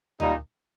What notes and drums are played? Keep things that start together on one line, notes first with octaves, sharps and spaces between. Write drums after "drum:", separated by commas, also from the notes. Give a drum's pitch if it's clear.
A#2 G3 A#3 D#4, drum: tom D2